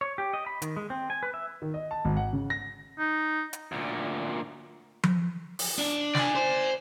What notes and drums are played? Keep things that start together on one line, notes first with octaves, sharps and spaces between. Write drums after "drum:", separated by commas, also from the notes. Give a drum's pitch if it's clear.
C#5
G4
D#5
B5
D#3, drum: hi-hat
G#3
C4
G#5
B4
E5
D#3
D#5
A5
G#1
F#5
C#3
A#6
D#4
drum: hi-hat
D2 A#2
drum: tom F3
drum: open hi-hat
D4
D5 G#5, drum: snare
C5